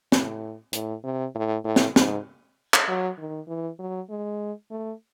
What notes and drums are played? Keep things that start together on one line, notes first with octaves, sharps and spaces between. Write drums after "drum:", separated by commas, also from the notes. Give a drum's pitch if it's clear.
A2, drum: snare
A2, drum: hi-hat
C3
A2
A2
drum: snare
G#2, drum: snare
drum: clap
F#3
D#3
E3
F#3
G#3
A3